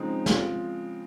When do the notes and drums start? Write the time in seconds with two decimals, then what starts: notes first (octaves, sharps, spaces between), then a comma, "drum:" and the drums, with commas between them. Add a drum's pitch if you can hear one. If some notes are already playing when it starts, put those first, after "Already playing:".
Already playing: C#3 F3 G#3 C4 D#4
0.26 F4, drum: snare